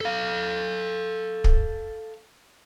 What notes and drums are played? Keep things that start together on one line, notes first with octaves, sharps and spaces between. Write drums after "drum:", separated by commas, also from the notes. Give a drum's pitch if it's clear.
A4 F5
drum: kick